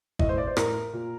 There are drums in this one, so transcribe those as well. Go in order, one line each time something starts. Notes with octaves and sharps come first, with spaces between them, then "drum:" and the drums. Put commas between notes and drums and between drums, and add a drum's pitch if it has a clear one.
A2 D#5, drum: kick
C5
D5
C5
A2 A#4, drum: rim click
A#2